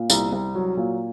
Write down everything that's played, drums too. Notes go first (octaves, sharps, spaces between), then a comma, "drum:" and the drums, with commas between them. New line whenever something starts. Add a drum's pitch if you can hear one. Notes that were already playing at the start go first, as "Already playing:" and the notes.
Already playing: A#2
C2, drum: tambourine
C2
F#3
A#2